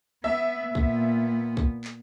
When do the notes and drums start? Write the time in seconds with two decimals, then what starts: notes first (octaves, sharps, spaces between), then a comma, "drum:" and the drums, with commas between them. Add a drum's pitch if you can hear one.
0.24 B3 E5
0.75 A#2 B3, drum: kick
1.57 drum: kick
1.84 drum: clap